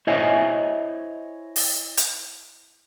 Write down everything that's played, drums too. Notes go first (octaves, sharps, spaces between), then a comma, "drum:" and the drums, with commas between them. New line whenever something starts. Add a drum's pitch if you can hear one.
E4 C5 C#5 D#5 E5 G#5
drum: open hi-hat
drum: hi-hat